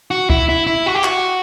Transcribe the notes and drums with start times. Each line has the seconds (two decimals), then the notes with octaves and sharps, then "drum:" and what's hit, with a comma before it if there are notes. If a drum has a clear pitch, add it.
0.11 F#4
0.30 E4, drum: kick
0.49 E4
0.67 E4
0.86 F#4
0.95 G4
1.04 F#4, drum: clap